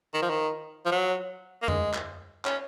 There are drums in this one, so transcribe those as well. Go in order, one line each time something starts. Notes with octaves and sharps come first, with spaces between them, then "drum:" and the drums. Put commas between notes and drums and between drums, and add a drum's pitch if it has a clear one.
D#3
F3
D#3
F3
F#3
A#3
G#3, drum: tom F2
drum: clap
C#4, drum: clap